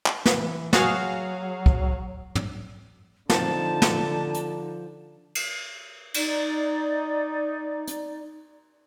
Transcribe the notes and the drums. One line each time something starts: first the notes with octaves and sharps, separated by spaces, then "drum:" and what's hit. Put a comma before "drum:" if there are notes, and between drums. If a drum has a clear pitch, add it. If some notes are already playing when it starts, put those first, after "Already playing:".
drum: clap
E3, drum: snare
F#3 F#4 G#4 F5, drum: snare
drum: kick
drum: tom
D3 F3 C4 D#4 A5, drum: snare
drum: snare
drum: hi-hat
drum: cymbal
D#4 D5, drum: cymbal
drum: hi-hat